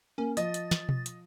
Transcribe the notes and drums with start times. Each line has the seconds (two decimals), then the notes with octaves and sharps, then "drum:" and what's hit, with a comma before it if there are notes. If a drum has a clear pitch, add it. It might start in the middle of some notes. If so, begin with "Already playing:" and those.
0.18 A#3 C#4
0.37 F3 D#5 A6, drum: hi-hat
0.54 drum: hi-hat
0.71 drum: snare
0.89 drum: tom B2
1.06 drum: hi-hat